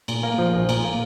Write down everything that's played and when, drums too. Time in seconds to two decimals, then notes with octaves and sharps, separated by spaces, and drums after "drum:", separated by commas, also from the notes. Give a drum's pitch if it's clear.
0.08 A#2, drum: cymbal
0.23 A#3
0.38 F3
0.53 A#1
0.69 A#2, drum: cymbal
0.84 A#3